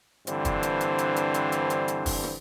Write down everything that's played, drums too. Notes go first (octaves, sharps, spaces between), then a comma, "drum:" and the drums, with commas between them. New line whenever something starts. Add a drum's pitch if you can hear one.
G2 D3 E3 C4 C5, drum: hi-hat
drum: kick, hi-hat
drum: hi-hat
drum: hi-hat
drum: hi-hat
drum: hi-hat
drum: hi-hat
drum: hi-hat
drum: hi-hat
drum: hi-hat
drum: kick, open hi-hat
drum: rim click